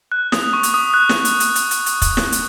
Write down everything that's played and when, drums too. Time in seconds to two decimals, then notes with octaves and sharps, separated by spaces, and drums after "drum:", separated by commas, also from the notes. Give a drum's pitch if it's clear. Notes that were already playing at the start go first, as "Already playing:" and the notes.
0.12 F#6
0.32 D#6, drum: snare
0.53 C#6
0.63 drum: hi-hat
0.74 D#6
0.94 F#6
1.09 drum: snare
1.25 drum: hi-hat
1.40 drum: hi-hat
1.55 drum: hi-hat
1.71 drum: hi-hat
1.86 drum: hi-hat
2.02 drum: kick, hi-hat
2.17 drum: snare
2.32 drum: hi-hat